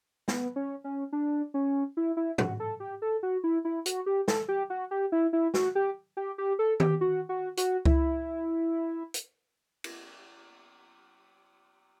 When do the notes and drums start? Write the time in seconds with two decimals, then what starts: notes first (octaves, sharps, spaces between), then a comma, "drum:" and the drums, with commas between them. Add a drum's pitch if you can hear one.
0.28 B3, drum: snare
0.56 C#4
0.84 C#4
1.13 D4
1.54 C#4
1.97 E4
2.17 E4
2.38 F#4, drum: tom
2.60 A4
2.80 G4
3.02 A4
3.23 F#4
3.44 E4
3.65 E4
3.86 F#4, drum: hi-hat
4.06 G4
4.28 A4, drum: snare
4.48 G4
4.70 F#4
4.91 G4
5.12 E4
5.33 E4
5.54 F#4, drum: snare
5.75 G4
6.17 G4
6.38 G4
6.59 A4
6.80 G4, drum: tom D#3
7.01 F#4
7.29 F#4
7.57 F#4, drum: hi-hat
7.86 E4, drum: kick C#2
9.14 drum: hi-hat
9.84 drum: cymbal